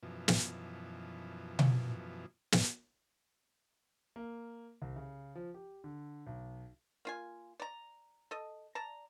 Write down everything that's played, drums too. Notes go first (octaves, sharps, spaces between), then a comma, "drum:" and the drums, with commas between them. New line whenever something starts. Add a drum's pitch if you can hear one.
F#2 B2 E3 F3
drum: snare
drum: tom B2
drum: snare
A#3
C2
C#3
F3
G4
D3
B1
A#3 F4 G#5
D5 A#5
A4 D#5
D5 A5 A#5